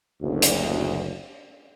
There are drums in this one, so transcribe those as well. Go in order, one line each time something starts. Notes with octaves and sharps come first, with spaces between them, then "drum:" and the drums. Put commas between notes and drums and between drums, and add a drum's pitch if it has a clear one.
F#1 D2
drum: hi-hat